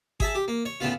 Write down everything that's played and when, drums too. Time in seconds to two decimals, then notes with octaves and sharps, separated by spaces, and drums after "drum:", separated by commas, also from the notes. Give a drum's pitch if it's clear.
0.20 G#4 E5 A5, drum: kick G#1
0.35 G4
0.48 A#3
0.65 C#5
0.80 A2 C#3 B3 F4